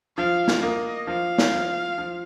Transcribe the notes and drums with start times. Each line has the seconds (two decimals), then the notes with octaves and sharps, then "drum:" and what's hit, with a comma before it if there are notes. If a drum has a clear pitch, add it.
0.17 F3 F5
0.47 drum: snare
0.62 A#3 D#5
1.07 F3 F5
1.38 drum: snare
1.54 F3
1.98 F3